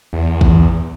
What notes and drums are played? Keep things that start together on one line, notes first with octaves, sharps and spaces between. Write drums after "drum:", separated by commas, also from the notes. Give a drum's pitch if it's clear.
E2
drum: kick